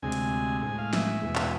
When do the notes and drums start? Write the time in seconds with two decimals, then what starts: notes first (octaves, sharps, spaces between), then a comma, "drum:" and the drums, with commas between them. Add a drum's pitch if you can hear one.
0.02 D2 C3 G#3 G#5
0.12 drum: hi-hat
0.62 A2 G#3 G#5
0.78 F5
0.93 E5, drum: snare
1.23 E2 B2 G#3
1.36 drum: clap